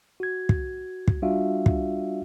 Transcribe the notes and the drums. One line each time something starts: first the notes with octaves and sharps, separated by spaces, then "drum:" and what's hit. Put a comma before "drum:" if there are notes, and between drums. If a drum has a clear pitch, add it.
F#4 G#6
drum: kick
drum: kick
G3 D4 F4 F#4 E5 F5
drum: kick